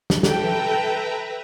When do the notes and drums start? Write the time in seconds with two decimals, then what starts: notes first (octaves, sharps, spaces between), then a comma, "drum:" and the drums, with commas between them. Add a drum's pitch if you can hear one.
0.10 drum: snare
0.23 A4 B4 E5 G5 A#5, drum: snare